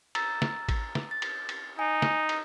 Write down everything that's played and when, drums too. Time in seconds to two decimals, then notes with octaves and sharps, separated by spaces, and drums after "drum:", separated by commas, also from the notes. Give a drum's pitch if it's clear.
0.15 A#5 E6 A6, drum: cymbal
0.42 drum: snare
0.69 drum: kick A1, cymbal
0.95 drum: snare
1.11 A6
1.22 drum: cymbal
1.49 drum: cymbal
1.79 D#4 G#5
2.02 drum: snare
2.29 drum: cymbal